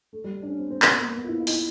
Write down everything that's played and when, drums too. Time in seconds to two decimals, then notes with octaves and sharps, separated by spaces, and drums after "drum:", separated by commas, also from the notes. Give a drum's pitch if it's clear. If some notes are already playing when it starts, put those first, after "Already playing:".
0.13 A3
0.24 G3
0.43 D4
0.47 C#4
0.59 C4
0.70 C4
0.82 B3, drum: clap
0.91 A#3
1.00 B3
1.08 A#3
1.17 B3
1.24 F4
1.28 E4
1.40 F4
1.47 D#4, drum: open hi-hat
1.51 E4